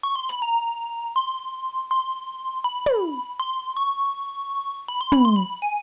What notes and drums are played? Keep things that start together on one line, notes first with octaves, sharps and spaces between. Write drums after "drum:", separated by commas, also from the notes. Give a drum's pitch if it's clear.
C#6
C6
B5, drum: hi-hat
A#5
C6
C6
B5
drum: tom
C6
C#6
B5
C6
B5, drum: tom
C6
B5
G#5